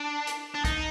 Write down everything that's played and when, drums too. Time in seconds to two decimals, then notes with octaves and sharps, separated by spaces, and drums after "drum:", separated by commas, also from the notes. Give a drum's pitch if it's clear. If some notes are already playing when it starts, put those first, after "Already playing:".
Already playing: D4
0.27 drum: hi-hat
0.54 D4
0.65 D#4, drum: kick B1, hi-hat